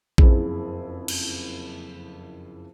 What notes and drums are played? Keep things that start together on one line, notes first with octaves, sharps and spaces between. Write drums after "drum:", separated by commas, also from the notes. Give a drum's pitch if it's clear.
F#1 F2 E4 G#4, drum: kick A#1
drum: cymbal